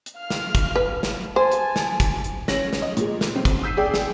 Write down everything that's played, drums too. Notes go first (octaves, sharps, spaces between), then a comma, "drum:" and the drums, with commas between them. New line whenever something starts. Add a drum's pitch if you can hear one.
drum: hi-hat
F5 F6
drum: snare
drum: kick, hi-hat
B4
drum: snare
C5 G#5 A5
drum: hi-hat
drum: snare
drum: kick, hi-hat
drum: hi-hat
C#4 A#6 F#7, drum: snare
drum: snare
D#5
A#2 G#3, drum: hi-hat
drum: snare
C4
drum: kick, hi-hat
E6 G6 B6 C7 D#7
G#4 D5 G5
drum: snare